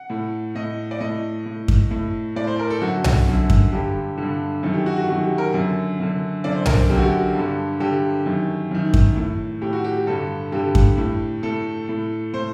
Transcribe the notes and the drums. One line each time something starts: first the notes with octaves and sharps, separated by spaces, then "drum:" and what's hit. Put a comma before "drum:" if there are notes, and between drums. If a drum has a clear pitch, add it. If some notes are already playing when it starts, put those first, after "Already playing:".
Already playing: F#5
A2
A2 D#5
D5
A2 D#5
A2
drum: kick F#2
A2
A2 D5
C5
A#4
A4
F#2 D3 F#4
drum: tom B1
F#2 D3
drum: kick F#2
G2 D3 G4
G2 D3
F#2 D#3 A4
G4
F#4
F#4
F#2 D#3 F#4
G4
A#4
F#2 D3
F#2 D3
F#2 D3 D5
C5
A#4, drum: tom B1
C5
F#2 D3 G4
F#4
G4
G2 D3
G2 D3 G4
F#2 D#3
F#2 D#3
drum: kick F#2
A2
A2 G4
F#4
G4
G2 D3 A4
G2 D3 G4
drum: kick F#2
A2
A2 A4
A2
A2 C5